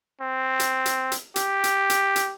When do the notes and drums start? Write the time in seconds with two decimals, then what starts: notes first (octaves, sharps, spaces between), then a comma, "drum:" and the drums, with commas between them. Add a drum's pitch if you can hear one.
0.21 C4
0.60 drum: hi-hat
0.86 drum: hi-hat
1.12 drum: hi-hat
1.36 G4, drum: hi-hat
1.64 drum: hi-hat
1.90 drum: hi-hat
2.16 drum: hi-hat